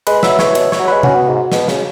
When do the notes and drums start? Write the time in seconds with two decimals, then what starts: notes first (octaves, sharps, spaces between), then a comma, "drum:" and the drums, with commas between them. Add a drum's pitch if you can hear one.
0.07 G#3 B4, drum: cymbal
0.23 F#3 E5, drum: snare
0.39 E3 C#5, drum: snare
0.55 B2, drum: cymbal
0.72 C#5, drum: snare
0.79 F#3
0.88 G#3 B4
1.03 C#4 F#4, drum: tom C3
1.15 B3
1.28 G#2
1.52 B2, drum: snare
1.68 C#3, drum: snare